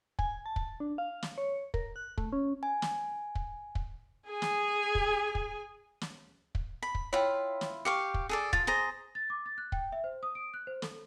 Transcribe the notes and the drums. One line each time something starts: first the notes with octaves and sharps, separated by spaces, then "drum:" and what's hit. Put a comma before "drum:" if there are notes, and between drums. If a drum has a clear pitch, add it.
G#5, drum: kick
A5
drum: kick
D4
F5
drum: snare
C#5
A#4, drum: kick
F#6
A3, drum: kick
C#4
G#5
drum: snare
drum: kick
drum: kick
G#4 G#5
drum: snare
drum: kick
drum: kick
drum: snare
drum: kick
B5
drum: kick
E4 F4 C#5 G5
drum: snare
G4 F5 C#6 C#7
drum: kick
G#4 A4 D5
F4 A6, drum: kick
G#4 C5 A#5
A6
D6
A6
F#6
G5, drum: kick
E5
C5
D#6
D7
F#6
C5
A4, drum: snare